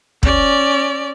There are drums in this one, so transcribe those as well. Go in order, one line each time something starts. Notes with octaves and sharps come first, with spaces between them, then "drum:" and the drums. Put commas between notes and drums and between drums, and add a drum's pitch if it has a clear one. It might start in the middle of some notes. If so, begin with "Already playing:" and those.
C#4 D5, drum: kick